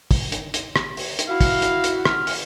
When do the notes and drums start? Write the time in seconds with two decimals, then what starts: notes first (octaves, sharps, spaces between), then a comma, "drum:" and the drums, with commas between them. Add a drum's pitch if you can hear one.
0.11 drum: kick, open hi-hat
0.32 drum: hi-hat
0.54 drum: hi-hat
0.76 drum: rim click
0.97 drum: open hi-hat
1.19 drum: hi-hat
1.29 E4 F#4 F5
1.41 drum: kick, open hi-hat
1.62 drum: hi-hat
1.84 drum: hi-hat
2.05 F6, drum: rim click
2.27 drum: open hi-hat